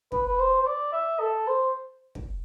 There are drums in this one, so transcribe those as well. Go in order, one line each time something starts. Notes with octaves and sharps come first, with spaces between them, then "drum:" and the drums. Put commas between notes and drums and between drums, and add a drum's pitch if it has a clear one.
B4, drum: kick
B4
C5
C5
D5
E5
A4
C5
drum: kick